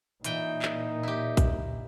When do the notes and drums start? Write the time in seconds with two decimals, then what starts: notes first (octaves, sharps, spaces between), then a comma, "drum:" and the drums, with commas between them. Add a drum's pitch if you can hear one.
0.24 A#2 E3 D#4 G5, drum: hi-hat
0.62 drum: clap
1.03 E4 G4
1.37 drum: kick B1, hi-hat